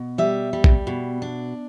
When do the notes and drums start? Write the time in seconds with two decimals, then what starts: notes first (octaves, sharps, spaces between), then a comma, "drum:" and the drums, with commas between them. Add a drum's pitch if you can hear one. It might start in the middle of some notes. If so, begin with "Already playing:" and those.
Already playing: B2
0.18 G3 E5
0.53 G3
0.64 drum: kick A#1
0.87 B2
1.22 D4